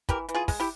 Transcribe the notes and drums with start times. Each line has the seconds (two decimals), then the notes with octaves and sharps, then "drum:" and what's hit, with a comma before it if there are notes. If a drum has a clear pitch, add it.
0.09 E3 G4 A#4, drum: kick, hi-hat
0.29 E3, drum: hi-hat
0.35 F4 G#4
0.48 G#3, drum: kick, open hi-hat
0.60 E4 G4